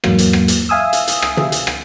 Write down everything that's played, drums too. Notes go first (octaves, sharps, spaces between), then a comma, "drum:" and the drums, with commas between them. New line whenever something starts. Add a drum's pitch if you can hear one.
E2 G#2 F#3 A#3, drum: rim click
drum: hi-hat
drum: rim click
drum: hi-hat
E5 F5 G#5 D#6 E6
drum: hi-hat
drum: hi-hat
drum: rim click
drum: tom
drum: hi-hat
drum: rim click